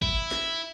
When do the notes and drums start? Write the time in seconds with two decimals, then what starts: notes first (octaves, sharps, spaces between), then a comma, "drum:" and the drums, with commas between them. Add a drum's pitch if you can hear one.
0.02 E4, drum: kick
0.31 drum: snare